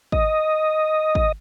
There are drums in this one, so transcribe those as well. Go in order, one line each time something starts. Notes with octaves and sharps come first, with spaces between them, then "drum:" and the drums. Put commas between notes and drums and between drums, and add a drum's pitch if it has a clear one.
D#5, drum: kick
drum: kick